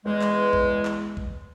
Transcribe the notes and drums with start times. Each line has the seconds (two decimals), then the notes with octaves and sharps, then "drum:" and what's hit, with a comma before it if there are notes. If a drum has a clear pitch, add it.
0.05 E2 G#3
0.21 drum: clap
0.53 drum: kick A1
0.85 drum: clap
1.17 drum: kick A1